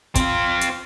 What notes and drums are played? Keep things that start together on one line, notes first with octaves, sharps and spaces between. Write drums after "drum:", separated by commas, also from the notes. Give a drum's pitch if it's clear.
C4 F4, drum: kick, hi-hat
drum: hi-hat